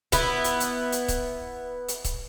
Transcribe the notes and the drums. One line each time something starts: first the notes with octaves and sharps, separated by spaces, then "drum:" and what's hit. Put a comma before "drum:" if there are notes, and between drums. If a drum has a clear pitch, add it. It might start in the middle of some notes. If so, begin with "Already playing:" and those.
B3 E4, drum: kick C#1, hi-hat
drum: hi-hat
drum: hi-hat
drum: hi-hat
drum: kick C#1, hi-hat
drum: hi-hat
drum: kick C#1, hi-hat